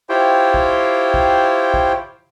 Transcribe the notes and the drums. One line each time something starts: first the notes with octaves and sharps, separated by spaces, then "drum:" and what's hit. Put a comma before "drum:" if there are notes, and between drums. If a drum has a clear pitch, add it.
E4 F4 G4 C5 C#5 G5
drum: kick
drum: kick
drum: kick